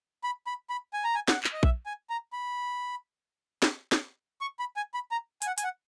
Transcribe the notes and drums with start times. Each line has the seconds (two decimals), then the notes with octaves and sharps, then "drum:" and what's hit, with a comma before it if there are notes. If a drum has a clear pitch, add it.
0.24 B5
0.47 B5
0.70 B5
0.93 G#5
1.04 A#5
1.15 G#5
1.28 F#5, drum: snare
1.44 drum: clap
1.53 D#5
1.63 E5, drum: kick A#1
1.86 G#5
2.10 A#5
2.33 B5
3.62 drum: snare
3.92 drum: snare
4.41 C#6
4.59 B5
4.76 G#5
4.94 B5
5.11 A#5
5.42 G#5, drum: hi-hat
5.47 F#5
5.58 G#5, drum: hi-hat
5.64 F#5